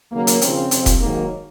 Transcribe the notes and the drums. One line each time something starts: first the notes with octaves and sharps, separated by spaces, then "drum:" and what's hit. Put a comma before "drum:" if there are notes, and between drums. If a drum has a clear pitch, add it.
D#2 C#3 F#3 A#3
drum: hi-hat
D#2 C#3 F3 C4, drum: hi-hat
F2 C3 F3, drum: hi-hat
drum: kick E1, hi-hat
G#2 D#3 F#3 A#3